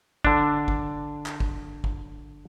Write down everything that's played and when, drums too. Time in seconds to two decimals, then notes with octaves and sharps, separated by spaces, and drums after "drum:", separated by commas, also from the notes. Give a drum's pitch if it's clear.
0.25 D3 D4, drum: kick
0.68 drum: kick
1.26 drum: clap
1.40 drum: kick
1.84 drum: kick